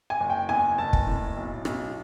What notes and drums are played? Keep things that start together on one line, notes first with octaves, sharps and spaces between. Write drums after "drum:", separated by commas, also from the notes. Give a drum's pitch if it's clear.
G#5
F#1
G5
E2 G#5
F#1 A5
drum: kick
A2
B1
B1, drum: rim click